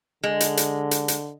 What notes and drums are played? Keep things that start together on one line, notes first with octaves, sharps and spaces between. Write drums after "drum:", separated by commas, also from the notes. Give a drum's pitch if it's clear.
D3 G#3
drum: hi-hat
drum: hi-hat
drum: hi-hat
drum: hi-hat